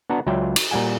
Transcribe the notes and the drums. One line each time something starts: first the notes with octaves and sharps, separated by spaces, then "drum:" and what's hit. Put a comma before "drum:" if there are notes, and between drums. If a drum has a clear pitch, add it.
B3 D4 F#4 A#5
C#2 F#3 F4 D5 E5 G5
drum: cymbal
A#2 G3 F#5 G#5